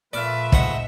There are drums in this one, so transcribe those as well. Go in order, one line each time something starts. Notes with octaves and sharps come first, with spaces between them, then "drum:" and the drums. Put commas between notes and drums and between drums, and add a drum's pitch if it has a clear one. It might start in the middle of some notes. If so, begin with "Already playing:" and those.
A#2 F3 A3 B4 D5 E5 F6
G#2 G#3 C#5 D#5 F#5, drum: kick